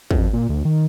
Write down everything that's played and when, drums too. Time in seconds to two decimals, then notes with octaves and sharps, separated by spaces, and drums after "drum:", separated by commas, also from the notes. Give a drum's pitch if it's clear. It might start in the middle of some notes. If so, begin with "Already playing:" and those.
0.11 F2, drum: kick
0.33 A#2
0.49 D2
0.65 D#3